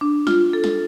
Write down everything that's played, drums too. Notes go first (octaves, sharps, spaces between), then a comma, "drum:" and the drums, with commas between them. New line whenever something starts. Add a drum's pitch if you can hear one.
D4
F4, drum: snare
A4
drum: snare